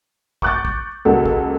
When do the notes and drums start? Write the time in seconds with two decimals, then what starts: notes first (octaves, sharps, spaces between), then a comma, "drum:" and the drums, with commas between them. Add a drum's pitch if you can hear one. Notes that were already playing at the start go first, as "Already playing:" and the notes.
0.42 C#6 D6 F#6 G6 A6, drum: kick
0.65 drum: kick
1.05 C#2 G#3 A#3 F#4 A4
1.25 drum: kick